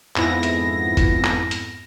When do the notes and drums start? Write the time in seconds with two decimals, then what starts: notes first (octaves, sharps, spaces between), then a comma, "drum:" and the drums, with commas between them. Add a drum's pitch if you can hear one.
0.16 F2 G#2 B3 E4 A#6, drum: clap
0.43 drum: hi-hat
0.97 drum: kick, hi-hat
1.24 drum: clap
1.51 drum: hi-hat